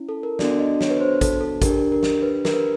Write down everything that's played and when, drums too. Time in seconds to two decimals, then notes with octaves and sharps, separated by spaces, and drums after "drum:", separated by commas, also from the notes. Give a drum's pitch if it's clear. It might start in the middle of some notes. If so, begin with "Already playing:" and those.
Already playing: C#4 E4
0.09 A4
0.23 A#4
0.39 B3 D4 F#4 A4 D5, drum: snare
0.59 D#5
0.81 C#5, drum: snare
0.90 B4
1.00 C5
1.21 A4, drum: kick, hi-hat
1.41 A4
1.62 D4 G4 A#4, drum: kick, hi-hat
1.92 A#4
2.03 drum: snare
2.22 B4
2.45 A#4, drum: snare
2.54 B4